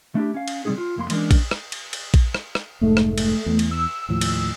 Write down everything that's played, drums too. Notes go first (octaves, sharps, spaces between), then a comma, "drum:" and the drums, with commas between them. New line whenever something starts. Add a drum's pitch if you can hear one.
A3 D4 E4 G4
C#4 F5
drum: cymbal
C3 G3 A#3 C4 D#4 G#4
F4
C2 F2 A#3 C6
E3 G#3 A#3 C#4 D4, drum: cymbal
drum: kick A#1, cymbal
drum: rim click
drum: cymbal
drum: cymbal
drum: kick A#1, cymbal
drum: rim click
drum: rim click
F1 G#2 A3
drum: rim click
drum: cymbal
E2
drum: cymbal
E6
D#2 A2 F3
drum: cymbal